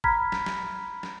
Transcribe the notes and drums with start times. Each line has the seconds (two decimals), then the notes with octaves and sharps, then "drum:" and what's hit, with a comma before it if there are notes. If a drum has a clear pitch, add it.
0.04 A#5 B5 F6 G#6 B6, drum: kick G1
0.32 drum: snare
0.46 drum: snare
1.03 drum: snare